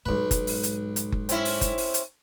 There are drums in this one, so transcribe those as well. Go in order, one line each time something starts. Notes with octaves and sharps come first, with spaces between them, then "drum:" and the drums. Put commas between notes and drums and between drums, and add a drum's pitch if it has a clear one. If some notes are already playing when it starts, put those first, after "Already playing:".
B1 G#2 G#3 B4
drum: kick F#1, hi-hat
drum: open hi-hat
drum: hi-hat
drum: hi-hat
drum: kick F#1
C4 C#4 E4, drum: hi-hat
drum: open hi-hat
drum: kick F#1, hi-hat
drum: open hi-hat
drum: hi-hat